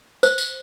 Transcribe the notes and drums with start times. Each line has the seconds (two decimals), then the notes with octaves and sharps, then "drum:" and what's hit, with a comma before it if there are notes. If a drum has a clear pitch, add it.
0.23 C5, drum: tambourine
0.38 drum: tambourine